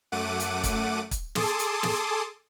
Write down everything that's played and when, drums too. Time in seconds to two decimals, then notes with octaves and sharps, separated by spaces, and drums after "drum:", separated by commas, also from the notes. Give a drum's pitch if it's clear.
0.12 F#2 A3 F#5 D6 D#7
0.40 drum: hi-hat
0.64 drum: kick, hi-hat
1.11 drum: kick, hi-hat
1.35 G#4 A4 A5 C6 D6 D#6, drum: snare
1.59 drum: hi-hat
1.83 drum: snare